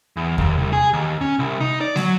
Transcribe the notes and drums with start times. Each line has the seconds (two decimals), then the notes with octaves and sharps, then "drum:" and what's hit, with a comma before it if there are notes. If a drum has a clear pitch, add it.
0.17 E2
0.38 D#2, drum: kick E2
0.58 C2
0.73 G#4
0.93 D#2
1.21 C#4
1.39 C2
1.60 D#4
1.81 D5
1.96 F#3, drum: snare